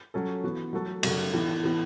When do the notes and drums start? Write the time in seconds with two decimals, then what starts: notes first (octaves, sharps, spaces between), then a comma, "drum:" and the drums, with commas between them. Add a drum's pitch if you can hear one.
0.14 F#3 C#4 A4
0.44 E3 B3 F#4
0.73 F#3 A3 F#4 A4
1.03 F#2 C#3 A3 F#4, drum: cymbal
1.33 A2 E3 B3
1.63 A2 E3 B3